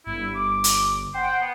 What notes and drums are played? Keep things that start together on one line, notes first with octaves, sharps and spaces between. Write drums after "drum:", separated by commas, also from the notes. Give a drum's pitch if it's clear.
G1 E4
D6
drum: hi-hat
C5 F#5 G5
B3